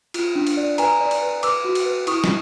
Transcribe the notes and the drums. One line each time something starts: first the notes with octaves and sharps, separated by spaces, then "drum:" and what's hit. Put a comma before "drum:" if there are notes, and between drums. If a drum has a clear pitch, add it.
F4, drum: cymbal
D4
drum: cymbal
D5
B4 G#5 A#5, drum: cymbal
D5
drum: cymbal
B4
B4 D6 E6, drum: cymbal
F#4
drum: cymbal
B4
E4 C#6 D#6, drum: cymbal
drum: snare